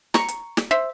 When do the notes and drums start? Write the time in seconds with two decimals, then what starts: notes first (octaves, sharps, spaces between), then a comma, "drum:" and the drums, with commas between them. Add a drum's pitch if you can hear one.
0.14 A#5 C#6, drum: snare
0.28 drum: hi-hat
0.57 drum: snare
0.71 C5 E5